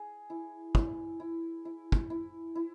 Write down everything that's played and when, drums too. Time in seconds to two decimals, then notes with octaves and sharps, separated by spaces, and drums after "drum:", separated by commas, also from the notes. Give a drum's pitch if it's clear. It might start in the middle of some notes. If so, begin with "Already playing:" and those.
Already playing: G#4
0.30 E4
0.75 E4, drum: kick
1.20 E4
1.65 E4
1.92 drum: kick
2.10 E4
2.55 E4